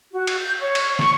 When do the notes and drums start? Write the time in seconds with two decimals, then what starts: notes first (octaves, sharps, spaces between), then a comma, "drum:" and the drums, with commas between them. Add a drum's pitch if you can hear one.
0.12 F#4
0.27 drum: cymbal
0.40 G6
0.60 C#5
0.75 drum: cymbal
0.99 C#6, drum: snare